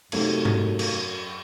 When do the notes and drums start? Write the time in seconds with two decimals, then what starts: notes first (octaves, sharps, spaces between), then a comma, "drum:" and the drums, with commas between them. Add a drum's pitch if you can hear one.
0.12 F#2 C3 F#3 A3 C4 D#4, drum: cymbal
0.45 drum: tom G#2
0.79 drum: cymbal